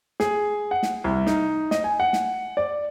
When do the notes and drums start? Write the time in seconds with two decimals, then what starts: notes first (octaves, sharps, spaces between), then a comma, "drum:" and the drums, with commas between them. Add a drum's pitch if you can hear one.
0.20 G#4, drum: snare
0.71 F#5
0.83 drum: snare
1.04 C2
1.27 D#4, drum: snare
1.71 D#5, drum: snare
1.84 G#5
2.00 F#5
2.13 drum: snare
2.57 D5